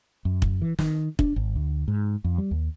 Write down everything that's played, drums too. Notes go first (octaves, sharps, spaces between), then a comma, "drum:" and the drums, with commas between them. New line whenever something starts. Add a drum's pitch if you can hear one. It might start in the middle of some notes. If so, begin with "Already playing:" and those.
F#2
drum: kick
E3
D#3, drum: snare
D4, drum: kick
G#1
D2
G#2
F2
G3
D#2